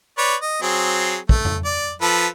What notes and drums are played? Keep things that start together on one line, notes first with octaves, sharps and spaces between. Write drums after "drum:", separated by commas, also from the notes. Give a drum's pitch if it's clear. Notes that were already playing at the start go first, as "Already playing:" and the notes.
B4 C#5 D5
D#5
F#3 C4 G#4
A3, drum: kick
drum: tom F2
D5
F3 A4 B4